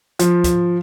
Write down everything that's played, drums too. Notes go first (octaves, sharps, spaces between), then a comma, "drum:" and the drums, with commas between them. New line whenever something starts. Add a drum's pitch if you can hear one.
F3, drum: hi-hat
drum: kick, hi-hat